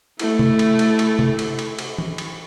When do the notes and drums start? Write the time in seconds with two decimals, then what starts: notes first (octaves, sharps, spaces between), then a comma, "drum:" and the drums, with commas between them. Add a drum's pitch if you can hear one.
0.19 A3 E4, drum: cymbal
0.39 drum: tom C3
0.59 drum: cymbal
0.79 drum: cymbal
0.99 drum: cymbal
1.19 drum: tom C3
1.39 drum: cymbal
1.59 drum: cymbal
1.79 drum: cymbal
1.98 drum: tom E3
2.18 drum: cymbal